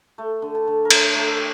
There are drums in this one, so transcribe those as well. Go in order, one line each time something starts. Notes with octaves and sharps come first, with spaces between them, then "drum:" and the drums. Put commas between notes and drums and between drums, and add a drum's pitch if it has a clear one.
A3
D3
A5
D3
A#4
A3 C5, drum: cymbal
A3 A#4
A4
G4